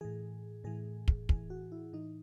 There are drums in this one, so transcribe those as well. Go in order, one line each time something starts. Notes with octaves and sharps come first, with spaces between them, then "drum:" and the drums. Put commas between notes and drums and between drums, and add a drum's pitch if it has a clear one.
A2 E3 G#4
A2 E3 G#4
drum: kick
A2 E3 G#4, drum: kick
F#4
E4
A2 E3 D#4